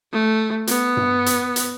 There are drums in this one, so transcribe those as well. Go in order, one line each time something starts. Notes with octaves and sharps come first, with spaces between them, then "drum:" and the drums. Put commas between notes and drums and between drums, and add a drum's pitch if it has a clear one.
A3
B3, drum: hi-hat
drum: tom G2
drum: hi-hat
drum: hi-hat